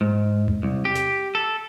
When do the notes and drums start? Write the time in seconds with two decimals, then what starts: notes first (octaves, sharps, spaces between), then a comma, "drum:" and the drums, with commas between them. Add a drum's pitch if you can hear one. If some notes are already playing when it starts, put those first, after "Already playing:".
0.01 G#2
0.48 drum: tom E2
0.63 C2
0.85 G4
0.95 drum: snare
1.35 A4